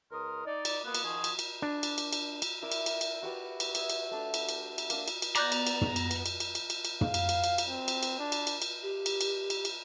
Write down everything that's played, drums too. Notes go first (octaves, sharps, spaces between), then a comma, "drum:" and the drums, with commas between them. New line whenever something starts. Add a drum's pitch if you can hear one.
C#2 A#4 C6 D#6 F6
D#4 D5
drum: cymbal
A#3 B3
drum: cymbal
D#3 F3 F#4 G#4
drum: cymbal
drum: cymbal
D4
drum: cymbal
drum: cymbal
drum: cymbal
drum: cymbal
E4 A#4 D5
drum: cymbal
drum: cymbal
drum: cymbal
F#4 G4 B4 D5
drum: cymbal
C#5 E5 D#6, drum: cymbal
drum: cymbal
A3 D4 A4
drum: cymbal
drum: cymbal
drum: cymbal
A#3 D4, drum: cymbal
drum: cymbal
drum: cymbal
B3 D5 A#5 D6 F#6 G6, drum: cymbal
drum: cymbal
drum: cymbal
drum: tom
drum: cymbal
drum: cymbal
drum: cymbal
drum: cymbal
drum: cymbal
drum: cymbal
drum: cymbal
F5, drum: tom
drum: cymbal
drum: cymbal
drum: cymbal
drum: cymbal
C4
drum: cymbal
drum: cymbal
D4
drum: cymbal
drum: cymbal
drum: cymbal
G4
drum: cymbal
drum: cymbal
drum: cymbal
drum: cymbal